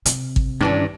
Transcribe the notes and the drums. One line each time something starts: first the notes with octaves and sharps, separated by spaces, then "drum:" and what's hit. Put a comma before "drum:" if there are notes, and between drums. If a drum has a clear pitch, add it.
C3, drum: hi-hat
drum: kick
G2 D#3 E3 C#4 D4